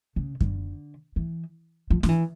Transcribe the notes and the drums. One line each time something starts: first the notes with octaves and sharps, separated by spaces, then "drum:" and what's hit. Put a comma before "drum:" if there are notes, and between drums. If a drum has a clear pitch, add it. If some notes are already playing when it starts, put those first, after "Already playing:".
C#3
D3, drum: kick F#2
E3
F3
F3, drum: snare
E3